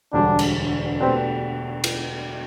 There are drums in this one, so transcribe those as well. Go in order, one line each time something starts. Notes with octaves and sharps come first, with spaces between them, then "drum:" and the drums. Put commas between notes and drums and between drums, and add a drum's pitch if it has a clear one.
E1 D2 D3 G3 D4
drum: cymbal
B2 A3 C4 D4 G4 B4
drum: cymbal